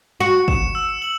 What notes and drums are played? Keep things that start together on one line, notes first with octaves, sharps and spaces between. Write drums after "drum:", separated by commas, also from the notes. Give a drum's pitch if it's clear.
F#4 C#7
E7, drum: kick
E6
F#7